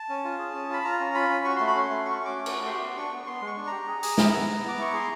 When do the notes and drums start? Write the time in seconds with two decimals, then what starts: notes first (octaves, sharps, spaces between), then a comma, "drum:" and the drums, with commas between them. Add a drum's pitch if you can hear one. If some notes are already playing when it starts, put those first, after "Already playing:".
Already playing: A5
0.09 C#4
0.24 F4
0.39 G#4
0.54 C#4
0.69 F4 B5
0.84 F4 A#5
1.00 C#4
1.15 F4 B5
1.30 C#4
1.44 F#4 C#6
1.56 A3 C6
1.67 B5
1.75 C#4 C6
1.90 A3
2.05 F#4 C#6
2.20 C#4 D6
2.36 A3
2.46 C#6, drum: cymbal
2.52 F#4
2.66 G4 C6
2.81 B3
2.96 D4 C#6
3.12 B3
3.26 B3 C6
3.41 G#3
3.47 C#6
3.57 D4
3.67 G4 A#5
3.87 G#4
4.03 G#4, drum: open hi-hat
4.18 E4, drum: snare
4.33 B3
4.48 B3
4.63 B3
4.68 D6
4.78 E4 C#6
4.93 G#4 C6